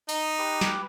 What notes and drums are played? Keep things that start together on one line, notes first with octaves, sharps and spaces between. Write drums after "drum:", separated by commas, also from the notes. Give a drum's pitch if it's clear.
D#4, drum: tambourine
G4 B4 D6
drum: snare